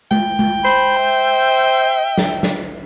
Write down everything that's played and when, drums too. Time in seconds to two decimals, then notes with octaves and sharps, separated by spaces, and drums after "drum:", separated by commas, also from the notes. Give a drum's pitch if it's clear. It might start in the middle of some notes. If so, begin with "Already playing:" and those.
0.11 G5, drum: tom G#3
0.39 drum: tom G#3
0.65 C5 B5
1.01 E5
2.18 drum: snare
2.43 drum: snare